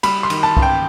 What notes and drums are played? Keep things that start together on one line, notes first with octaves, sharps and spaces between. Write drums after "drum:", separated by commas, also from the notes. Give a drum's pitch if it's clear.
G3 B5, drum: cymbal
C6
D#3, drum: cymbal
A5
A1, drum: kick C2
G5